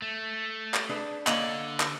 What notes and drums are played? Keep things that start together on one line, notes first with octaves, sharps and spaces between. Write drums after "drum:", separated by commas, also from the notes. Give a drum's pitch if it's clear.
A3
drum: clap
D4 G#4 B4
D3 A#3 C#5 D#5, drum: clap
drum: clap